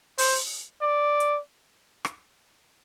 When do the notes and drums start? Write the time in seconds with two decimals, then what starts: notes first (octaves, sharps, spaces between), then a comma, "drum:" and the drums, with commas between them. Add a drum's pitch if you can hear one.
0.18 C5, drum: open hi-hat
0.82 D5
1.20 drum: hi-hat
2.05 drum: rim click